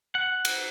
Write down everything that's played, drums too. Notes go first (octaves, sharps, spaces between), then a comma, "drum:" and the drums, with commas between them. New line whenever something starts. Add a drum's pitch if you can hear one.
F#5
drum: cymbal